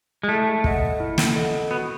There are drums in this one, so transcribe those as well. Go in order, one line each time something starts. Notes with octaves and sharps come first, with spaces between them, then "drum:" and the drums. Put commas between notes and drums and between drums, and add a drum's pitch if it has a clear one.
G#3
A3 E4
A4 D#5 F#5, drum: kick
E4
drum: snare
A4 D#5 F#5
B3 F#4